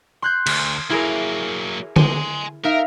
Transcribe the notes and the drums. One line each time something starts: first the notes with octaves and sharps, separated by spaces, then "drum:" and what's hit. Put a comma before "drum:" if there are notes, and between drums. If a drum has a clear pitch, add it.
C6 F#6 G6
D2, drum: cymbal
F#3 A#3 E4 G#4 A#4
G#5 C6, drum: tom D3
D#4 A#4 E5 F5